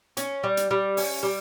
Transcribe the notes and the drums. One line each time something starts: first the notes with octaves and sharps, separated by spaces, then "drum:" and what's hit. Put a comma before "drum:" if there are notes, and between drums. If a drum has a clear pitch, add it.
C#4, drum: hi-hat
G3
drum: hi-hat
G3
C#4, drum: open hi-hat
G3